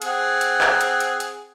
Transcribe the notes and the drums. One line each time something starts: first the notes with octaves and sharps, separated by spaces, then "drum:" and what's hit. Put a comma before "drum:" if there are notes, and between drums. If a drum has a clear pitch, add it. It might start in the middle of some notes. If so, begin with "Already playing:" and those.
C4 G#4 F#5, drum: hi-hat
drum: hi-hat
drum: clap
drum: hi-hat
drum: hi-hat
drum: hi-hat